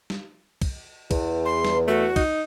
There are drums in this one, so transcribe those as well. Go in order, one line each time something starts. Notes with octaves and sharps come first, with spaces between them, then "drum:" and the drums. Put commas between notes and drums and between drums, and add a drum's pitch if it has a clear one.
drum: snare
drum: kick, cymbal
E2, drum: kick, cymbal
C6
drum: snare
A3 F#4
D#4, drum: kick, cymbal